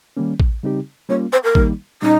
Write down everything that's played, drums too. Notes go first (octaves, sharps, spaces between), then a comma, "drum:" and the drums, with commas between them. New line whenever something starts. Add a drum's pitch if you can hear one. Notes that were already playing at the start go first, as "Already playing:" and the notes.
D#3 G3 A#3 C#4
drum: kick A1
C#3 G3 C4 D#4 G4
G3 A#3 C#4 F4 C#5
C5
A#4
D#3 G3 A#3 D#4, drum: kick A1
A#2 G3 C#4 D#4